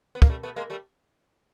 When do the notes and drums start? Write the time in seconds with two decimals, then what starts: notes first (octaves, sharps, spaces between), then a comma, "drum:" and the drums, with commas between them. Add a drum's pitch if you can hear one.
0.15 B3
0.22 A#3, drum: kick
0.30 G3 A3
0.43 A3 B3
0.56 G#3 A#3
0.70 G3 A3